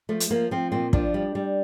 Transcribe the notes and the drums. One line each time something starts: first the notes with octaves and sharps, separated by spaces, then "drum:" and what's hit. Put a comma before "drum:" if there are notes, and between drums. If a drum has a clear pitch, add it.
F3 A3
drum: hi-hat
F3 A#3
F3 C4
A#2 C4
F3 D4, drum: kick
G3
G3